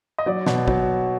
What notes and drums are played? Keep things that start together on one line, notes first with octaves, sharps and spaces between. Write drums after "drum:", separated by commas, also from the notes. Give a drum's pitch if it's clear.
D#5
F#3 D5
B2, drum: snare
F#3, drum: kick